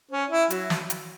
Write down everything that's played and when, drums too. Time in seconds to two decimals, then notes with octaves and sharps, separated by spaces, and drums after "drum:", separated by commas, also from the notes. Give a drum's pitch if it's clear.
0.11 C#4
0.31 E4
0.50 F#3, drum: hi-hat
0.70 drum: snare
0.90 drum: hi-hat